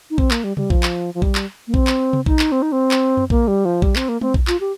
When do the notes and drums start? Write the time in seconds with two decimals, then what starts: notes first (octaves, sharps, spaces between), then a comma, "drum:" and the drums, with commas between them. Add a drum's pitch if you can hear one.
0.10 D#4
0.18 C4, drum: kick A#1
0.31 A#3, drum: clap
0.44 G3
0.57 G3, drum: tom C3
0.70 F3, drum: kick A#1
0.83 drum: clap
1.14 F3
1.22 G3, drum: kick A#1
1.35 drum: clap
1.67 A#3
1.74 C4, drum: kick A#1
1.87 drum: clap
2.13 drum: tom C3
2.26 D#4, drum: kick A#1
2.39 drum: clap
2.52 C4
2.62 D#4
2.72 C4
2.91 drum: clap
3.17 drum: tom F#2
3.30 A#3, drum: kick A#1
3.48 G3
3.65 F3
3.82 G3, drum: kick A#1
3.96 C4, drum: clap
4.09 A#3
4.21 C4, drum: tom G#3
4.34 drum: kick A#1
4.47 F4, drum: clap
4.60 G4